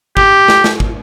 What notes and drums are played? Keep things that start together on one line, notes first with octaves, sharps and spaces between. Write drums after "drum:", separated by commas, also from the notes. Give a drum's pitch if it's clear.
G4, drum: kick
drum: snare
drum: snare
drum: kick